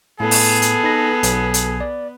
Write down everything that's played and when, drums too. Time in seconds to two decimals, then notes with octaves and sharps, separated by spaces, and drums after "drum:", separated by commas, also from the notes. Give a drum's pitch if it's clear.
0.20 A2 B3 G#4 A4
0.31 drum: open hi-hat
0.62 drum: hi-hat
0.84 D#4 B4 A#6
1.23 B1, drum: hi-hat
1.54 drum: hi-hat
1.81 D5